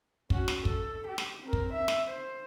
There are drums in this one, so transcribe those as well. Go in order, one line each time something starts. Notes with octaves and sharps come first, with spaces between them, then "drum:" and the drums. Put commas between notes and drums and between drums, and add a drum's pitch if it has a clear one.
C#4 F#4, drum: kick
drum: snare
A4, drum: kick
G4
drum: snare
C4 A#4
drum: kick
E5
drum: snare
C5